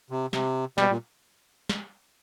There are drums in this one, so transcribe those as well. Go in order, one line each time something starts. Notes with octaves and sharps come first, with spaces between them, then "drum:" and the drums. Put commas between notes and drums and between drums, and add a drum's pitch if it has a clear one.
C3
C3, drum: snare
B2 G3, drum: snare
A#2
drum: snare